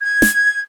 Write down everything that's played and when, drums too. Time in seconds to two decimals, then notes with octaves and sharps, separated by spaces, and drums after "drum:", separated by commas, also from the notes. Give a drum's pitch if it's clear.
0.01 G#6
0.22 drum: snare